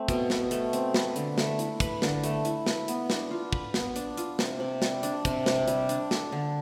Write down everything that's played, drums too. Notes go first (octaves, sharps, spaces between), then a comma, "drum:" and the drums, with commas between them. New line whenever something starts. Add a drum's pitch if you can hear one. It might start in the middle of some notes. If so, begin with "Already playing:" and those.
Already playing: A3 C4
B2, drum: kick, hi-hat
B2, drum: snare
A3, drum: hi-hat
C4, drum: hi-hat
B4, drum: snare
D3, drum: hi-hat
A3, drum: snare
E4, drum: hi-hat
B4, drum: kick, hi-hat
D3, drum: snare
A3, drum: hi-hat
E4, drum: hi-hat
B4, drum: snare
B3, drum: hi-hat
D4, drum: snare
F4
B4, drum: kick
B3, drum: snare
D4, drum: hi-hat
F4, drum: hi-hat
C3, drum: snare
C3
G3, drum: snare
D4, drum: hi-hat
C3, drum: kick, hi-hat
C3, drum: snare
G3, drum: hi-hat
D4, drum: hi-hat
A4, drum: snare
D3